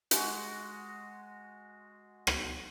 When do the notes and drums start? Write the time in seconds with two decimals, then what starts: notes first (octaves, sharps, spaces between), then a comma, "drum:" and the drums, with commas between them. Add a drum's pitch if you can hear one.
0.11 G#3 F#4, drum: hi-hat
2.27 drum: rim click